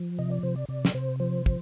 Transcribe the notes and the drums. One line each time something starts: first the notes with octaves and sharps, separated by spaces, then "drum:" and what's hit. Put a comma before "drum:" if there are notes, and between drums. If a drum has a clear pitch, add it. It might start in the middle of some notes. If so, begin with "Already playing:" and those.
Already playing: F3
C3 D#5
D5
C3 C5
D5
C3 D5
drum: snare
C3 C5
F3 C5
F3, drum: kick